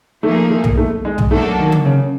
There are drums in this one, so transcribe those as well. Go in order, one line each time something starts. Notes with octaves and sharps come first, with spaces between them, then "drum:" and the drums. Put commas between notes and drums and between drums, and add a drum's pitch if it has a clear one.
F3 A3 A#3 D#4 G#4
A3
drum: tom B1
A3
G#3
drum: tom B1
F#3 A3 A#3 D4 F#4 A4
D#3
drum: tom C#3
C#3